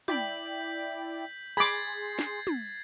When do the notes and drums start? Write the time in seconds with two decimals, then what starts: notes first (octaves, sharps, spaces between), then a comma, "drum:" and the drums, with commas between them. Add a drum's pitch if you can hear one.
0.08 E4 D5 G5 G6 B6 F#7, drum: tom
1.57 G#4 B5 C6 D6 G#6 A6 C7, drum: open hi-hat
2.19 drum: snare
2.47 drum: tom